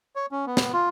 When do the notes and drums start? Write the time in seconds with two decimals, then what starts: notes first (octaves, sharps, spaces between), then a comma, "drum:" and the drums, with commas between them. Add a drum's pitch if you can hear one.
0.16 C#5
0.32 C#4
0.47 B3
0.57 drum: snare
0.73 F4